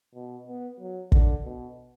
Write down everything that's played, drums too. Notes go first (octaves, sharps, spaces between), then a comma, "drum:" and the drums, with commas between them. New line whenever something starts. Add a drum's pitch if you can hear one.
B2
B3
F#3
D3, drum: kick
B2